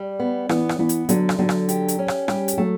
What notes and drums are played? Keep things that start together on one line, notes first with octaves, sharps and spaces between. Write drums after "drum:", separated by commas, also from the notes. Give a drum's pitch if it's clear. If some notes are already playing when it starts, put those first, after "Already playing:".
Already playing: G3
B3
E3 B3, drum: rim click
drum: rim click
E3 B3
drum: hi-hat
D3 F#3, drum: hi-hat
drum: rim click
D3 F#3
drum: rim click
G4, drum: hi-hat
drum: hi-hat
C#4
drum: rim click
G3 G4, drum: rim click
drum: hi-hat
F#3 A3